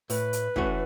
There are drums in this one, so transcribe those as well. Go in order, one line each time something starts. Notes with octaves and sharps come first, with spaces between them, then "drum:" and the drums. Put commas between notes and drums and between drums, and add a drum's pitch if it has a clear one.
A2 B4, drum: open hi-hat
drum: hi-hat
E3 A3 C#4 F#4, drum: kick